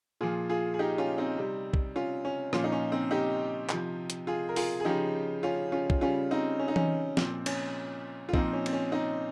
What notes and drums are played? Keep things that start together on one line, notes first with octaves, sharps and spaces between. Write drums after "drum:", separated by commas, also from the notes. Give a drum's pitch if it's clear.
A#2 F3 F4 G#4
F4 G#4
G#4
D#4 G4
C#4 F4
C4 D#4
C3 G3
drum: kick B1
C#4 F4
C#4
A#2 F3 C#4 F4, drum: rim click
D#4
C#4
C4 D#4
D#4 G4
C3 F3, drum: clap
drum: hi-hat
F4 G#4
A#4
F4 G#4, drum: open hi-hat
G#4
C#3 F3 D#4 G4
C#4 F4
C#4 F4
drum: kick B1
C#3 G3 C#4 F4
C4 D#4
C#4
D#4
C#4, drum: tom E3
A#2 F3 C4, drum: snare
C#4, drum: cymbal
F4
A#2 F3 C4 D#4, drum: kick B1
C#4
C4, drum: cymbal
C#4
C4 D#4